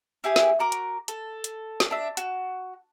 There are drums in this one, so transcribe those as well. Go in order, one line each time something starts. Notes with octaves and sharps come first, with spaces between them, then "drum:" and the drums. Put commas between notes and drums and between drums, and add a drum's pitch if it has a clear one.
E4 G4 G#4 G#5
drum: snare
F#4 A#4 D6
drum: hi-hat
A4, drum: hi-hat
drum: hi-hat
drum: snare
D4 E5
F#4, drum: hi-hat